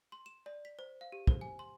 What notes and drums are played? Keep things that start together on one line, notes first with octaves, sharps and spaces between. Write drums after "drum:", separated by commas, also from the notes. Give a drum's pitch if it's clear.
C6
E7
D5
B6
C5
F5
G4
C5, drum: kick
G#5
C6